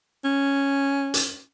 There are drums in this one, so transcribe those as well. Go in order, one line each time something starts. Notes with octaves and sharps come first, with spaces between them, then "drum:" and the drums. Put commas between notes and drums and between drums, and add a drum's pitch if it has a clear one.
C#4
drum: hi-hat